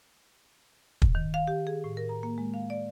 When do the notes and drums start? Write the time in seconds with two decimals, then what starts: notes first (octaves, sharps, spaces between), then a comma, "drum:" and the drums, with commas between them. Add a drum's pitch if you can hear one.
1.02 drum: kick
1.15 D#3
1.34 F5
1.47 G4
1.67 G#4
1.84 A2
1.97 A#4
2.09 A#5
2.23 A#3
2.38 G#3
2.54 F5
2.70 D5